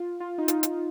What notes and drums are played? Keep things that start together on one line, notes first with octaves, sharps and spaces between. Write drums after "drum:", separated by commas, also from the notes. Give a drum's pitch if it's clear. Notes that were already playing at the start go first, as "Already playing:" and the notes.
Already playing: F4
F4
D#4
F4, drum: hi-hat
drum: hi-hat